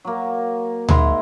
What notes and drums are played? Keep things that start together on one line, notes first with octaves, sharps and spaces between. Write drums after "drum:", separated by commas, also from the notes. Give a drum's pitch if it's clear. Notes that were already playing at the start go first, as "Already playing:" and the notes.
F#3 A#3
G#2 E4 A#5 C6, drum: tom D2